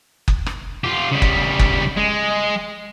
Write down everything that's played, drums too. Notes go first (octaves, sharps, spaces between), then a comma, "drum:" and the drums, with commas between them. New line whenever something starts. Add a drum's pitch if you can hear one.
drum: kick F#1
drum: rim click
F4 G4
C#3 G3
drum: kick F#1
drum: kick F#1
G#3